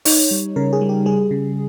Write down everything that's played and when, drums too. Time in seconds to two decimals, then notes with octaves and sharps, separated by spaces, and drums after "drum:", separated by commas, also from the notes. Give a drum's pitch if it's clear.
0.05 D#4 C#5, drum: open hi-hat
0.31 G3
0.56 C#3 A#4
0.73 G#4
0.81 G3
0.89 G4
1.06 G3 G#4
1.31 C#3